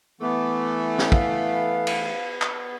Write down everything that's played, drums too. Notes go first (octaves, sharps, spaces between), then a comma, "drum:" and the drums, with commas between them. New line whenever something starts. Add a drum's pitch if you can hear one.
E3 A3 B3 D6
drum: snare
F5, drum: kick
drum: cymbal
drum: clap